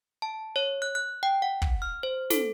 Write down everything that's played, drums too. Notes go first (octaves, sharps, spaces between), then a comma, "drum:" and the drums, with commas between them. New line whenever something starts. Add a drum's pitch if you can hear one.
A5
C#5
F#6
F#6
G5
F#5
drum: kick
F6
C5
A4, drum: snare